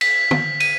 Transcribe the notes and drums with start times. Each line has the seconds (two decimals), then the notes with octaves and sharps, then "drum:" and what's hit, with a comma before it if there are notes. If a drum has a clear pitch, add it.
0.01 B6, drum: cymbal
0.31 drum: tom
0.60 D#7, drum: cymbal